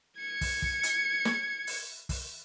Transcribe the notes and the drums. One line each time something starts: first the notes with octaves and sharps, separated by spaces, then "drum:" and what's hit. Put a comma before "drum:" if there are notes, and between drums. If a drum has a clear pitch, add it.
G#6 C#7
drum: kick, open hi-hat
drum: kick
drum: hi-hat
drum: snare
drum: open hi-hat
drum: kick, open hi-hat